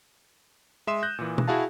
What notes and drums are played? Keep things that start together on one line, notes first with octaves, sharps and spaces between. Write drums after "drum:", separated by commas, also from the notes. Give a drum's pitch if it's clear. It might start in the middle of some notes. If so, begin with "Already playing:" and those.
G#3 E5 C6 D#6 E7
F#6 G6 A#6
A#2 E3
drum: tom B2
E4 F#4 G#4 F5 A5